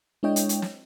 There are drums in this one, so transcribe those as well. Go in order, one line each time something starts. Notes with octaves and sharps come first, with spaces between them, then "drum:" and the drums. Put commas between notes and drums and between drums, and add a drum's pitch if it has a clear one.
G#3 D4 E4 C#5 D#5 G5
drum: hi-hat
drum: hi-hat
drum: snare